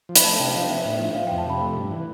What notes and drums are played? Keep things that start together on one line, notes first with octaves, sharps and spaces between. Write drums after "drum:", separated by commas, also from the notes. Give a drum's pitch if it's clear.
F3
B5, drum: hi-hat
A3 A5
C3 G5
F3 F5
B3 E5
A2
F3
F3 F5
G5
F2
A5
C3 B5
A3
G2
E3